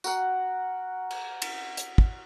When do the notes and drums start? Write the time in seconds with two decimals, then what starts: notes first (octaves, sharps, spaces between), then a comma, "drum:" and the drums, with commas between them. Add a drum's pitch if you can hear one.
0.04 F#4 A#4 F#5, drum: tambourine
1.10 drum: cymbal
1.42 drum: cymbal
1.77 drum: hi-hat
1.98 drum: kick